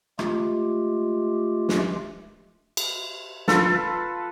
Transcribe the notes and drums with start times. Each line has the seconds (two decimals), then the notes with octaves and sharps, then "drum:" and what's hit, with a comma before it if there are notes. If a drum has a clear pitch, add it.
0.19 G#3 A3 F4 G4, drum: rim click
1.69 drum: snare
2.77 drum: cymbal
3.48 F4 A4 B4, drum: snare